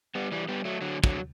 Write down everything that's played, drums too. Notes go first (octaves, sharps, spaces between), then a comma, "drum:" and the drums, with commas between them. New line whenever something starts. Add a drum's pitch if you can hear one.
G3 B3
E3 G3
G3 B3
F#3 A3
D3 F#3
D3 F#3, drum: kick